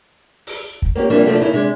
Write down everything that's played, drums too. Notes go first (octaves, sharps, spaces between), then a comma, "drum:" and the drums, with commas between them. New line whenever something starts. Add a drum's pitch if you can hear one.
drum: open hi-hat
drum: kick
A#3 B3 C#4 G4
E3 F3 G3 A#3 C4 D4
C3 F3 A3 A#3 D4
C#3 A#3 D#4 E4
C3 G#3 D4